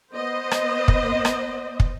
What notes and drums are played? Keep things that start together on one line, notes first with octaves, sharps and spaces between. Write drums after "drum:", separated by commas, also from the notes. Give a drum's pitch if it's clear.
B3 C5 D#5
drum: rim click
drum: kick
drum: rim click
drum: kick